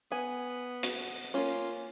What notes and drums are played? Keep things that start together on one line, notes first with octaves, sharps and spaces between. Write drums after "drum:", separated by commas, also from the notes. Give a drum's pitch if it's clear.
B3 G#5
F#4, drum: hi-hat
A#3 C#4 F4